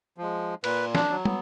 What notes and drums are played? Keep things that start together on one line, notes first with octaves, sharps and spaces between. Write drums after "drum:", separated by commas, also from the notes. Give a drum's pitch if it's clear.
F3 G#3
A#2 B4, drum: cymbal
D4, drum: snare
F#3
B3, drum: tom